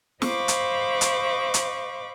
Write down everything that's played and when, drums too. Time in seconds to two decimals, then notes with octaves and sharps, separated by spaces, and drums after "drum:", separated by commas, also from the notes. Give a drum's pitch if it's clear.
0.22 C5 D#5 F5 B5 C#6 D6, drum: snare
0.48 drum: hi-hat
1.01 drum: hi-hat
1.54 drum: hi-hat